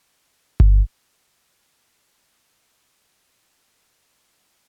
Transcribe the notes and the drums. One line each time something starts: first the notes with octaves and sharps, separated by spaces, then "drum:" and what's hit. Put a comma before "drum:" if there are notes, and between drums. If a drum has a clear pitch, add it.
F#1 A2 D5 D#7
drum: kick G1
A2
C3 D#3 E3 F#3
D1 F3 C#4
G#1